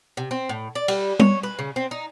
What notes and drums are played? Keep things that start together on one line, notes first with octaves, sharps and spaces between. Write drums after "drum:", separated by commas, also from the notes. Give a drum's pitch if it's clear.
C3
C4
A2
D5
G3, drum: cymbal
C#5, drum: tom G3
B4
C#3
C4
D#4